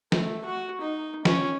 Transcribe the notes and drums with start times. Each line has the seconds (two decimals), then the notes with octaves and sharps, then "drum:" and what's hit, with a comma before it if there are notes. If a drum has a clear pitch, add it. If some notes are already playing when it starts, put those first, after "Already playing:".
0.12 A3, drum: snare
0.45 F#4
0.81 D#4
1.25 C#4, drum: snare